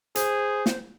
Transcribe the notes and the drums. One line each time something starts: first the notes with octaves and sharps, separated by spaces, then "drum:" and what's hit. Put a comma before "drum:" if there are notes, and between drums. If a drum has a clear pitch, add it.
G#4 C5, drum: hi-hat
drum: snare